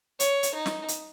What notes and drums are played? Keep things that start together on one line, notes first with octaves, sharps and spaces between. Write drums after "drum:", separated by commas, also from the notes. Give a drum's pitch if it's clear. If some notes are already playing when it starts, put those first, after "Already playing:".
C#5, drum: hi-hat
drum: hi-hat
D#4
drum: snare
drum: hi-hat